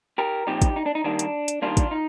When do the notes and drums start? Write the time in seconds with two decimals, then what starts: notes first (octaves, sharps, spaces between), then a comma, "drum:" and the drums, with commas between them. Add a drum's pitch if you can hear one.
0.18 G4 A#4
0.47 A#2 F3 C4 D#4 G4
0.62 drum: kick, hi-hat
0.76 D#4
0.86 D4
0.95 D#4
1.04 D#3 G3 A#3 D4
1.19 drum: hi-hat
1.48 drum: hi-hat
1.62 D#3 G3 A#3 D4 F4
1.77 drum: kick, hi-hat
1.91 D#4